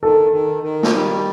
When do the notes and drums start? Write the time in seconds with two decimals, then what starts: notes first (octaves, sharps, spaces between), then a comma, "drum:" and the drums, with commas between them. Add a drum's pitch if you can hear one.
0.03 D#3 A4
0.32 D#3
0.63 D#3
0.83 drum: snare
0.93 G3